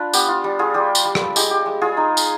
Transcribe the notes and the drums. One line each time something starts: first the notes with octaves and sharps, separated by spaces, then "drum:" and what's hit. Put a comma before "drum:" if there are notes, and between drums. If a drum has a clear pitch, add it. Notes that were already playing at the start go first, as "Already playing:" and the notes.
Already playing: D4 F4 B4
B3 G4, drum: tambourine
F4
G3
F4 G#4
G3 G4
drum: tambourine
G3
drum: rim click
G#3 G4, drum: tambourine
G4
G#3
F4 G#4
D#4
drum: tambourine